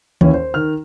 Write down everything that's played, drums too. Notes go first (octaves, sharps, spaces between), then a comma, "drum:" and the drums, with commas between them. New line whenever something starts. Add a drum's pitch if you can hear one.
D#2 E3 C#4, drum: tom D#3
C5
D#3 F6